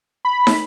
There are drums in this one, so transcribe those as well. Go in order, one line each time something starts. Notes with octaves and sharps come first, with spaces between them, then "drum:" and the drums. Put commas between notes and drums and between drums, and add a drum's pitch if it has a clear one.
B5
drum: snare